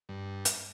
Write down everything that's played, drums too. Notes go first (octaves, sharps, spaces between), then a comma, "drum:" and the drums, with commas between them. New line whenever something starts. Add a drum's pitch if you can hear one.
G2
drum: hi-hat